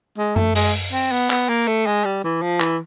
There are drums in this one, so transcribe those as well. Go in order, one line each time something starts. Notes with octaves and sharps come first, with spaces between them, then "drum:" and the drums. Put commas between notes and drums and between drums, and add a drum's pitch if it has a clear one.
G#3
A3, drum: tom F#2
G#3, drum: open hi-hat
C4
B3
B3, drum: clap
A#3
A3
G#3
G3
E3
F3
E3, drum: clap